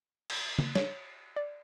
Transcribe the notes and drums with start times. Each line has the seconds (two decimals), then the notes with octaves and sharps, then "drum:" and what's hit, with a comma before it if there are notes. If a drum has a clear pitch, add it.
0.30 drum: cymbal
0.59 drum: tom C#3
0.75 C#5, drum: snare
1.36 D5